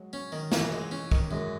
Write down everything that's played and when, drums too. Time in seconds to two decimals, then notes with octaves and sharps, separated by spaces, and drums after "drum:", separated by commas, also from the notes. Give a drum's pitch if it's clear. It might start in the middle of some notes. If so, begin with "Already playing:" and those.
Already playing: F#3 G#3
0.13 C#4
0.32 D#3
0.52 F#2 E3, drum: snare
0.72 G#3
0.91 C#4
1.12 D#3, drum: kick
1.31 F#2 G#3